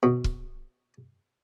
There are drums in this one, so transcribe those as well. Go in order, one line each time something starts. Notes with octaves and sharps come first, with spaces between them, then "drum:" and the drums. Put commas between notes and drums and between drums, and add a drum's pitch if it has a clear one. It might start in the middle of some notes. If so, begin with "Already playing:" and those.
B2
drum: kick